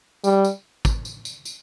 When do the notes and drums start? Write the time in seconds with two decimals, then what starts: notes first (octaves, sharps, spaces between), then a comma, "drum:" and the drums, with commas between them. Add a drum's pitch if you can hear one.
0.24 G3, drum: tambourine
0.45 drum: tambourine
0.85 drum: kick, tambourine
1.05 drum: tambourine
1.25 drum: tambourine
1.45 drum: tambourine